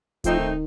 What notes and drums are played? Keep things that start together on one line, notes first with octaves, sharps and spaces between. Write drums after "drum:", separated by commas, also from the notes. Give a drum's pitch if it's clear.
F3 A3 C4 D#4, drum: kick D1, hi-hat
D#3